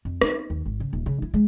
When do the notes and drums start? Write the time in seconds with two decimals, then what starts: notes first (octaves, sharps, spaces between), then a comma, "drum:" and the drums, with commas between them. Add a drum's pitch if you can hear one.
0.05 F2
0.21 D#4, drum: rim click
0.50 D#2
0.65 G#1
0.80 C#3
0.93 D#1
1.06 C#3
1.22 E4
1.34 G#3